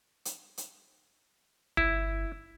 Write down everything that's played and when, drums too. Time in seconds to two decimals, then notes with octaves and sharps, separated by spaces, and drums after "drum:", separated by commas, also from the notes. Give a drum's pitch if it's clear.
0.25 drum: hi-hat
0.58 drum: hi-hat
1.77 G1 E4, drum: kick